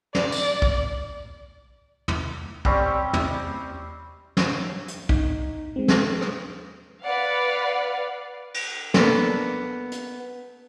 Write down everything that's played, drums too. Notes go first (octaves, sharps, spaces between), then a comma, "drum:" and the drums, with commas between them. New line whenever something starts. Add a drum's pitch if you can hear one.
D5, drum: snare
drum: tambourine
drum: kick
drum: tom
G3 C4 C#4, drum: kick
drum: tom
drum: snare
drum: hi-hat
D#4, drum: kick
G#3 C4
G#4 A4 B4, drum: snare
drum: rim click
B4 D5 F5 F#5
drum: cymbal
A#3 B3 D4 A4, drum: snare
drum: hi-hat